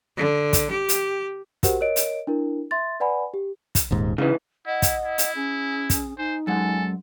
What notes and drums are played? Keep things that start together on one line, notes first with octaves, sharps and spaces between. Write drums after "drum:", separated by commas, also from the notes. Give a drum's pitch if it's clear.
D3
drum: kick, hi-hat
G4
drum: hi-hat
F#4 G4 A#4 C5 F#5, drum: kick, hi-hat
A#4 C#5 D#5 D7
drum: hi-hat
D4 E4 A#4
E5 C6 A6
B4 D5 F#5 G#5 B5
G4
drum: kick, hi-hat
D#1 D#2 G#2
G#2 C#3 E3
E4 D#5 F#5
drum: kick, hi-hat
E4
drum: hi-hat
C#4 G#4
drum: kick, hi-hat
D#4 C5 G#5
F#2 G#3 A4 F#5 G#5